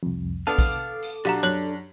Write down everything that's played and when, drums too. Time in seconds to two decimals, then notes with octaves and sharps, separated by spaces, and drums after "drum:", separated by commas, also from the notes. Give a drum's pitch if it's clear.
0.03 C2 F2
0.47 B3 D4 A4 F5 A5 D6
0.59 drum: kick, tambourine
1.03 drum: tambourine
1.25 B1 D4 F#4 G4 F5 A#5
1.43 F#2 C#5 F#6 F#7